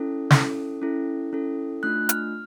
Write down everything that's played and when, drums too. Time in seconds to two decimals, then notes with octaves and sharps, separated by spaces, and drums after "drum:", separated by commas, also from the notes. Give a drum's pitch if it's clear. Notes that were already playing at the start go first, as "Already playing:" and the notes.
Already playing: C#4 E4 A4
0.30 C#4 E4 A4, drum: snare
0.82 C#4 E4 A4
1.33 C#4 E4 A4
1.83 A3 D4 F4 F#6
2.09 F6, drum: hi-hat